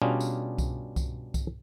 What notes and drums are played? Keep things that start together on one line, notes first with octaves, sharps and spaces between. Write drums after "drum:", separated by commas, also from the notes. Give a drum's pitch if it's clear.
B2 G3 C#4 D4 F4 G#4
drum: tambourine
drum: kick C2, tambourine
drum: kick C2, tambourine
drum: kick C2, tambourine